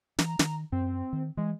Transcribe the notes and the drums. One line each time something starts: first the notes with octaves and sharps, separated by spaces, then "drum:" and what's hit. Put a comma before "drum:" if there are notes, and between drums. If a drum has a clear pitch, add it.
E3 A#5, drum: snare
D#3, drum: snare
F#2 C4
D#3
E3 G#3